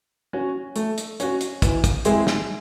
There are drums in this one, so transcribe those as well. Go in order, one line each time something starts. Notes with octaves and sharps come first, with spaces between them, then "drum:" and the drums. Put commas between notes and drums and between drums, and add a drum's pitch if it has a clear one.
C#4 F#4
A3, drum: hi-hat
drum: hi-hat
C#4 F#4, drum: hi-hat
drum: hi-hat
E3, drum: kick, hi-hat
drum: kick, hi-hat
G#3 C4 E4 G#4, drum: hi-hat
drum: snare